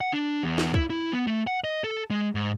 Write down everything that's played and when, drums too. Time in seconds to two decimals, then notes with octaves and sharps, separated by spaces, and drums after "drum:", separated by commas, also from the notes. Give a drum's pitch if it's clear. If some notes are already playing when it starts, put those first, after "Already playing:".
0.01 F#5
0.13 D4
0.43 E2
0.58 drum: snare
0.74 E4, drum: kick
0.90 E4
1.13 B3
1.27 A3
1.47 F#5
1.64 D#5
1.84 A4
2.11 G#3
2.35 G#2